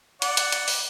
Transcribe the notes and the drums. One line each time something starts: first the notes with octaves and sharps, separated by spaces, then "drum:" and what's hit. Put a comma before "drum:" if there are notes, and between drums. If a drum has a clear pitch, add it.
D5 F#5, drum: hi-hat
drum: hi-hat
drum: hi-hat
drum: open hi-hat